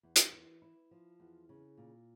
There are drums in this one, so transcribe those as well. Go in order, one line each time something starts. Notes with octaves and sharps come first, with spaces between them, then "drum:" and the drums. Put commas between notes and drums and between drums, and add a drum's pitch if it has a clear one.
E2
drum: hi-hat
E3
E4
F3
E2
C#3
A#2